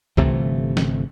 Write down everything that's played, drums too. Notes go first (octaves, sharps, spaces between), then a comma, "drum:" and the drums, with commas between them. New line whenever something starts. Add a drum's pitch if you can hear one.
G1 C3 E3 A3, drum: kick C2
drum: snare